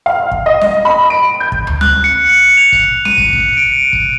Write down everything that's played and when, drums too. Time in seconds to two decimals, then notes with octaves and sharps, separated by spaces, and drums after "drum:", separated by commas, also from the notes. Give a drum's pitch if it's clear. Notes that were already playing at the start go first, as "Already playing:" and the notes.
0.06 F5
0.31 drum: kick
0.46 D#5
0.62 drum: snare
0.85 B5
1.10 D7
1.40 G6
1.52 drum: kick
1.67 drum: tom D2
1.81 F#6, drum: snare
2.04 C#7
2.28 C#7
2.57 F7
2.72 drum: kick
3.05 D#7, drum: snare
3.18 drum: kick
3.33 drum: kick
3.57 D7
3.93 drum: kick